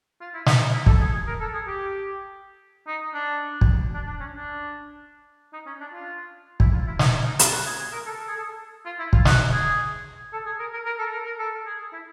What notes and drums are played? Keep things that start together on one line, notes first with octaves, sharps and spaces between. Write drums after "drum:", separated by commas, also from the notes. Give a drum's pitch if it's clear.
F4
E4
E4, drum: snare
D#4
E4
A4, drum: kick
G#4
G#4
A#4
A4
G#4
G4
D#4
D4
drum: kick
D4
D4
C#4
D4
D#4
C#4
D4
F4
E4, drum: kick
F4
E4
C#4, drum: snare
C#4
D#4
F4, drum: hi-hat
F#4
G#4
G#4
A#4
A4
A4
G#4
A4
F4
E4
F4, drum: kick
F#4, drum: snare
G#4
A4
G#4
A#4
A#4
A#4
A4
A#4
A#4
A4
G#4
E4